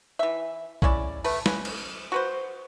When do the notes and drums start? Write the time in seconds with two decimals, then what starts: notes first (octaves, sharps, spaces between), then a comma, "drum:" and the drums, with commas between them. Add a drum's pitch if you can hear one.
0.19 E3 E5
0.82 G#3 C#4 E4 D5, drum: kick A#1
1.24 A3 B4, drum: open hi-hat
1.46 C#4 B4, drum: snare
1.65 drum: cymbal
2.12 F#4 B4 C5